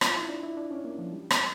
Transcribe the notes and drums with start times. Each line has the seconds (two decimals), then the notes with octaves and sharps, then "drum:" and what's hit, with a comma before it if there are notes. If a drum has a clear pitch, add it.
0.01 F4, drum: rim click
0.16 E4
0.29 D4
0.43 E4
0.57 D4
0.71 C#4
0.85 A#3
0.98 F3
1.13 G3
1.31 drum: rim click